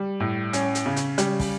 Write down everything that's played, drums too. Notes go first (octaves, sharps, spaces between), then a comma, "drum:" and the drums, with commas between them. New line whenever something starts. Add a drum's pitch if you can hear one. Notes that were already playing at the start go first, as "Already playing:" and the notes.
Already playing: G3
A2
C#4, drum: hi-hat
drum: hi-hat
C#3
drum: hi-hat
G3, drum: hi-hat
drum: kick, open hi-hat